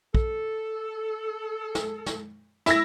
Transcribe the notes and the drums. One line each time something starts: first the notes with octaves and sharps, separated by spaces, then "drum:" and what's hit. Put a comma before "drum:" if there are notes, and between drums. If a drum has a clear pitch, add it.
A4, drum: kick
drum: snare
drum: snare
E4 E6 A#6, drum: snare